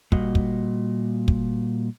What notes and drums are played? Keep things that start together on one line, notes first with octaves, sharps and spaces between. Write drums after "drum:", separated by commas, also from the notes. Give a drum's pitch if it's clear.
A#2 G3 F#4 D#5, drum: kick
drum: kick
drum: kick